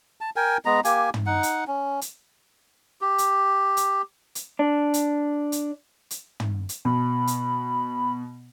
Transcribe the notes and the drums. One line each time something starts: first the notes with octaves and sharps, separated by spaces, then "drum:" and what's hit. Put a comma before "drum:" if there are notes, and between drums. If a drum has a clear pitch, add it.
A5
A#4 G5 G#5
G#3 B3 A#5
A#3 G4 G#5, drum: hi-hat
drum: tom
D#4 F#5
drum: hi-hat
C#4
drum: hi-hat
G4
drum: hi-hat
drum: hi-hat
drum: hi-hat
D4
drum: hi-hat
drum: hi-hat
drum: hi-hat
drum: tom
drum: hi-hat
B2 B5
drum: hi-hat